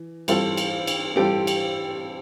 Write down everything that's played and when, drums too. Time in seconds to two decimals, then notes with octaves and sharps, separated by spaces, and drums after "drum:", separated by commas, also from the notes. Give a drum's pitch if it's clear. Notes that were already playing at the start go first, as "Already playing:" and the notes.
Already playing: E3
0.28 E3 G3 C4 F4 A4, drum: cymbal
0.57 drum: cymbal
0.87 drum: cymbal
1.17 E3 G3 C4 F4 G4 A4
1.47 drum: cymbal